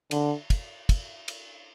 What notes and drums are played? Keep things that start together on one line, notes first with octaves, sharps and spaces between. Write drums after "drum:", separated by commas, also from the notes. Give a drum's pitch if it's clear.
D3, drum: cymbal
drum: kick, cymbal
drum: kick, cymbal
drum: cymbal